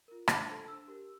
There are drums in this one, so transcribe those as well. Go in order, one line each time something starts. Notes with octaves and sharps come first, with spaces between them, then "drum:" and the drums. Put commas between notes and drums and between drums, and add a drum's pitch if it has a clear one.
F4 A#4
D4 A5, drum: rim click
A4 C5
D4 E6
G4 A#4